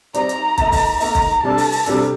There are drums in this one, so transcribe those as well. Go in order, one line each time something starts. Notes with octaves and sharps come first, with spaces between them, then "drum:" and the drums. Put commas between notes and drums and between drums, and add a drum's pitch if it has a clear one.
G3 C4 D#4 G4 D5 A#5, drum: hi-hat
drum: hi-hat
A#3 D#4 A4 D#5, drum: kick, hi-hat
drum: kick, open hi-hat
A#3 D#4 A4 D#5 A#5, drum: open hi-hat
drum: kick, hi-hat
C3 G3 D4 A4 A5
drum: open hi-hat
drum: open hi-hat
C3 G3 D4 A4, drum: hi-hat